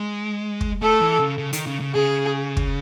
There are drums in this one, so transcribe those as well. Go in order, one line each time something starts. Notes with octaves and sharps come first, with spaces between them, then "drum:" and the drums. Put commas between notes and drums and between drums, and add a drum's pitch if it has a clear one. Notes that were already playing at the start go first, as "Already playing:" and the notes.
Already playing: G#3
drum: kick
A3 A4
E3
C#3
C#3
D#3, drum: hi-hat
C#3
C#3
C#3 G#4
drum: kick